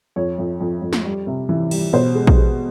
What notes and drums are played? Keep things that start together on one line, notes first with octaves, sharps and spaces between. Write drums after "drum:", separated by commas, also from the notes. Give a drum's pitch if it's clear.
F2 C#5
F2
F2
F2
drum: snare
G3
C3
E3
G3, drum: cymbal
B2 C5
G#3
drum: kick A#1
G#3